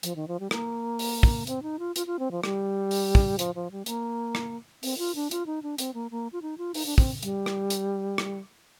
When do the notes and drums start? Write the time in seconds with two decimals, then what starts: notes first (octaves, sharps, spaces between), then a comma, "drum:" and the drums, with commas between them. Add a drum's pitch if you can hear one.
0.03 F3, drum: hi-hat
0.16 D#3
0.28 F3
0.40 G3
0.51 A#3, drum: rim click
0.99 drum: open hi-hat
1.23 drum: kick
1.47 C4, drum: hi-hat
1.63 D#4
1.79 F4
1.96 F4, drum: hi-hat
2.07 F4
2.19 C4
2.31 F3
2.44 G3, drum: rim click
2.91 drum: open hi-hat
3.15 drum: kick
3.39 F3, drum: hi-hat
3.55 F3
3.71 G3
3.86 A#3, drum: hi-hat
4.35 drum: rim click
4.83 C4, drum: open hi-hat
4.98 F4
5.15 D4
5.31 F4, drum: hi-hat
5.46 D#4
5.63 D4
5.78 C4, drum: hi-hat
5.94 A#3
6.11 A#3
6.33 F4
6.42 D#4
6.58 F4
6.74 D#4, drum: open hi-hat
6.86 D4
6.98 C4, drum: kick
7.23 G3, drum: hi-hat
7.46 drum: rim click
7.70 drum: hi-hat
8.18 drum: rim click